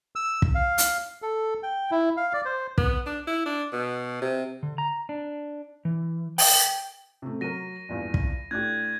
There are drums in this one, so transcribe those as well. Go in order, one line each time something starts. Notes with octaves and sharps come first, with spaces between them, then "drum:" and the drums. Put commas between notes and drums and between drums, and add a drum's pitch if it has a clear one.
E6
drum: kick
F5
drum: hi-hat
A4
G5
E4
F5
D5
C5
B3, drum: kick
D4
E4
D4
B2
C3
D3
A#5
D4
E3
G5, drum: open hi-hat
C3 A3
F#3 A#4 A#6 D#7
A#1 E2 G2
drum: kick
A2 D4 G4 F#6 G#6